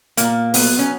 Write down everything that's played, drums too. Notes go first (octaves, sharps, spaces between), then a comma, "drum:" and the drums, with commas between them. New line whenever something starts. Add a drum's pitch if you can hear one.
A#2 A#3, drum: hi-hat
F#3 B3, drum: open hi-hat
C#4